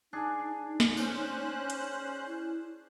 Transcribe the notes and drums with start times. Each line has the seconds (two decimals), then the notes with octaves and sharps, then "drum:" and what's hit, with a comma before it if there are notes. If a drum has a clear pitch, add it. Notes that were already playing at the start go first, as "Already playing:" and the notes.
0.13 D4 D#4 G#4
0.80 drum: snare
0.97 C#4 C5 F#6, drum: tambourine
1.70 drum: hi-hat
2.27 E4